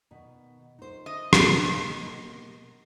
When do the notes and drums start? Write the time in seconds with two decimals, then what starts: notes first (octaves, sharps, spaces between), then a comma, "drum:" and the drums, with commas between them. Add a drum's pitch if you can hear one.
0.11 B2 D#3
0.79 D#4 C5
1.06 D#5
1.33 drum: rim click
1.57 B2 A#3